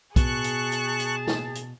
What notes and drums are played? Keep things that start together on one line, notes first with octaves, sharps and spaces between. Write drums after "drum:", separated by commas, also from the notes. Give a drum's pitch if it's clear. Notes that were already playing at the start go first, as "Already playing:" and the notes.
B2 G#4 A5 C#6 F#6, drum: kick, hi-hat
drum: hi-hat
drum: hi-hat
drum: hi-hat
drum: snare
drum: hi-hat